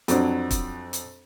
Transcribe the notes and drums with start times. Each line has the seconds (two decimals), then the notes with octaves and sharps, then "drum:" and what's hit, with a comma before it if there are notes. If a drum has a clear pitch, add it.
0.08 F2 F#3 C4 D4, drum: hi-hat
0.51 drum: kick, hi-hat
0.93 drum: hi-hat